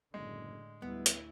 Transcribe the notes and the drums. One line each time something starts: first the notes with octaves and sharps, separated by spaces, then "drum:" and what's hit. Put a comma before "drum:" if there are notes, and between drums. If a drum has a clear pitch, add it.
F#1 A2 D3 G#3
D2 G3 B3 E4
drum: hi-hat